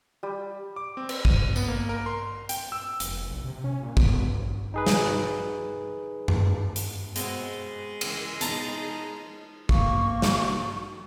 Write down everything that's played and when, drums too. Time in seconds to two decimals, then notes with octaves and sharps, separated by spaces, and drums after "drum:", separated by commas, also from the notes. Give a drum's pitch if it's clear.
0.23 G3
0.76 D6
0.97 C4
1.09 drum: cymbal
1.25 D#7, drum: kick
1.56 B3, drum: tambourine
1.68 A#3
1.89 A#4
2.06 C6
2.49 G5, drum: hi-hat
2.72 E6
3.00 F1, drum: hi-hat
3.31 A#1
3.44 C3
3.64 C#4
3.82 A#2
3.97 B3, drum: kick
4.16 G2
4.74 D#4 G#4 B4
4.87 drum: snare
6.28 drum: tom F#2
6.76 drum: hi-hat
7.16 B2 G#3 C4 F#4, drum: hi-hat
8.01 C#2 E3, drum: cymbal
8.41 B2 D#4 A5 A#5, drum: hi-hat
9.69 A#3 C#6, drum: kick
10.22 drum: snare